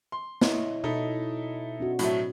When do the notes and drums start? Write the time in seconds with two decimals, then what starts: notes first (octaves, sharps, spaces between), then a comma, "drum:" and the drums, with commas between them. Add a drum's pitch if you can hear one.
0.12 C6
0.41 E4 C#5 D#5, drum: snare
0.84 B2 D#4 E4 A4 D#5
1.80 C4 D4 F#4
1.99 A2 F#3 A3, drum: hi-hat